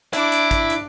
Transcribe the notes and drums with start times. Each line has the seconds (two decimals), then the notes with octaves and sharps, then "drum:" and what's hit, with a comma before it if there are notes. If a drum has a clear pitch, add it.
0.13 D4 E4 D6, drum: hi-hat
0.32 drum: hi-hat
0.51 drum: kick, hi-hat
0.70 drum: hi-hat